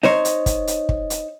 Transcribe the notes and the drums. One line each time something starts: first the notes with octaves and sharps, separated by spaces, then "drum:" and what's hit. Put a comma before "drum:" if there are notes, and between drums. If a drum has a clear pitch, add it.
D#4 C5 C#5 D#5, drum: snare C4
drum: hi-hat
drum: kick, hi-hat
drum: hi-hat
drum: kick
drum: hi-hat